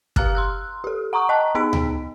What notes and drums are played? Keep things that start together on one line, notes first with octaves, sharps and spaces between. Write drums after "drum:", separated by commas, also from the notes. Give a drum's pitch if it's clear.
G4 F5 A#5 F6 F#6, drum: kick
C6 E6 F#6
G4 A4
F#5 A#5 C#6 D#6
D#5 A5 A#5 F#6
B3 D#4 G#4 B6 D7
drum: tom D2